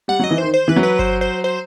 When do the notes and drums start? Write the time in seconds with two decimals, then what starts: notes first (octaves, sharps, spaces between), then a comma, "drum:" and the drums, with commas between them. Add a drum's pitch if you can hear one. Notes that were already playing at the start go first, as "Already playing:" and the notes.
0.08 G3 F#5
0.19 F#3
0.24 D#5
0.31 E3
0.38 D#3 C5
0.54 C5
0.68 E3 B4
0.76 F#3
0.83 B4
0.99 C5, drum: kick G1
1.21 C5
1.44 C5